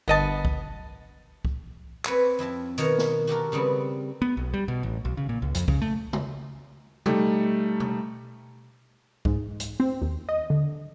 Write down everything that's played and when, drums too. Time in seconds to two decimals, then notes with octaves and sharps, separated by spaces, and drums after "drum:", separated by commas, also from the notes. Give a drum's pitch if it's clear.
0.08 G1 B3 D#5 A5
0.45 drum: kick
1.45 drum: kick
2.05 C4 B4 C#5, drum: clap
2.39 F2 E4 E5 A5
2.78 B2 D#3 F#4 A#4 C#5 A#5, drum: tambourine
2.98 drum: snare
3.27 F#4 G4 A4 A#4
3.52 C#3 G3 B3 C4
4.22 B3
4.37 B1
4.54 G3
4.68 B2
4.83 A1
5.05 B1
5.17 C#3
5.29 A#2
5.42 C#2
5.55 F2, drum: hi-hat
5.68 C#3, drum: kick
5.82 A3
6.13 drum: tom C#3
7.06 G3 A3 D#4, drum: tom B2
7.80 drum: tom B2
9.25 G#2, drum: kick
9.60 drum: hi-hat
9.80 C4
10.02 D#2
10.29 D#5
10.50 D3